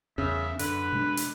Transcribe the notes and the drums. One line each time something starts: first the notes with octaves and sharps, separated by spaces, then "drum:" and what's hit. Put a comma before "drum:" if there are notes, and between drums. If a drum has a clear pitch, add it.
E2 C#3 C#4 E5
F#2 D3 B4, drum: hi-hat
B2 G#3 D4
drum: hi-hat